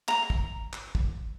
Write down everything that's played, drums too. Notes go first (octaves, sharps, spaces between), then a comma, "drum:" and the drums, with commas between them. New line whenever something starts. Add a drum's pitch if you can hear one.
A#5, drum: clap
drum: kick
drum: clap
drum: kick